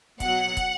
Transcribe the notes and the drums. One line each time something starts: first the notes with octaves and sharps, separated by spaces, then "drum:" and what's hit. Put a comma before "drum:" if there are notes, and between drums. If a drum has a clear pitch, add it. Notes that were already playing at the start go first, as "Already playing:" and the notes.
B2 F#3 F#5, drum: kick, hi-hat
drum: kick, hi-hat